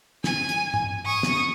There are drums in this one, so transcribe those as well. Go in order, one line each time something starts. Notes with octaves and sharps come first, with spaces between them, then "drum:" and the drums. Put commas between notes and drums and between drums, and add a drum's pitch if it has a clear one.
G#5, drum: snare
drum: hi-hat
drum: tom G#2
C#6 D#6
drum: snare